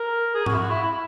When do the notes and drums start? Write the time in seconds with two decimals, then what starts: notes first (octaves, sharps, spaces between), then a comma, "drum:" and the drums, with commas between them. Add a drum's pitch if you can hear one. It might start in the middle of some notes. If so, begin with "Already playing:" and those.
Already playing: A#4
0.34 G#4
0.46 F#4, drum: tom G#2
0.54 E4
0.58 F#4
0.70 E4
0.82 E4